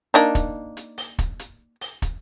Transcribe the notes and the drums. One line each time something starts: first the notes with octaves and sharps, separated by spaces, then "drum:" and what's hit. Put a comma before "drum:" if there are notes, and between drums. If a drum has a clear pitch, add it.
A#3 D4 D#4
drum: kick, hi-hat
drum: hi-hat
drum: open hi-hat
drum: kick, hi-hat
drum: hi-hat
drum: open hi-hat
drum: kick, hi-hat